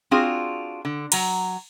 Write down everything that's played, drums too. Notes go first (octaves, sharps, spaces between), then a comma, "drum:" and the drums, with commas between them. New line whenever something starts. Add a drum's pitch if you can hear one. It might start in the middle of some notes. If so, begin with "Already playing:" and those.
C4 D4 F4 F#4 G#4
D3
F#3 A#5, drum: cymbal